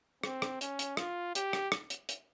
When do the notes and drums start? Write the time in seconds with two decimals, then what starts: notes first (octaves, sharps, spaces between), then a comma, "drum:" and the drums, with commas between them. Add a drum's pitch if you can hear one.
0.24 C4, drum: rim click
0.42 drum: rim click
0.61 C#4, drum: hi-hat
0.79 drum: hi-hat
0.97 F4, drum: rim click
1.35 G4, drum: hi-hat
1.53 drum: rim click
1.72 drum: rim click
1.90 drum: hi-hat
2.09 drum: hi-hat